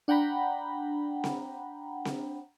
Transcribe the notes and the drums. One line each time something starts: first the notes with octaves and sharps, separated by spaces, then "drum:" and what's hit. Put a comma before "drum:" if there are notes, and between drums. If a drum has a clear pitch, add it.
D4 F#5 G5 A#5 B5
drum: snare C4
drum: snare C4